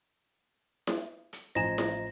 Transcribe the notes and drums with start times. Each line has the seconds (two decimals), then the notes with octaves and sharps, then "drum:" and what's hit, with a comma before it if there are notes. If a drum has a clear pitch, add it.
0.87 drum: snare E4
1.33 drum: hi-hat
1.55 A1 F3 C5 D#5 G#5 A#5 A#6 E7
1.78 drum: snare E4